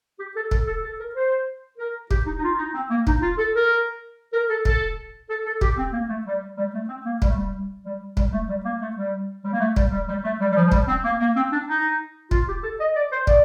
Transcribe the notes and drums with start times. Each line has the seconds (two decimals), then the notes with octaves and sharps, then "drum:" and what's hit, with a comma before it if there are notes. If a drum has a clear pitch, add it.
0.20 G4
0.36 A4
0.51 A4, drum: kick
0.67 A4
0.83 A4
1.00 A#4
1.15 C5
1.78 A#4
2.11 G4, drum: kick
2.26 D#4
2.38 D#4
2.43 F4
2.58 D#4
2.75 C4
2.91 A#3
3.07 D#4, drum: kick
3.22 F4
3.38 A4
3.55 A#4
4.33 A#4
4.50 A4
4.65 A4, drum: kick
5.30 A4
5.46 A4
5.61 G4, drum: kick
5.78 C4
5.93 A#3
6.09 A3
6.26 G3
6.58 G3
6.74 A3
6.89 C4
7.05 A#3
7.22 G3, drum: kick
7.29 A3
7.35 G3
7.85 G3
8.17 G3, drum: kick
8.32 A3
8.49 G3
8.64 A#3
8.81 A3
8.96 G3
9.44 G3
9.53 A#3
9.60 A3
9.76 G3, drum: kick
9.92 G3
10.08 G3
10.24 A3
10.41 G3
10.51 G3
10.56 F3
10.67 F3
10.72 G3, drum: kick
10.88 C4
11.04 A#3
11.20 A#3
11.36 C4
11.52 D4
11.68 D#4
12.31 F4, drum: kick
12.48 G4
12.64 A4
12.80 D#5
12.96 D5
13.12 C5
13.27 D5, drum: kick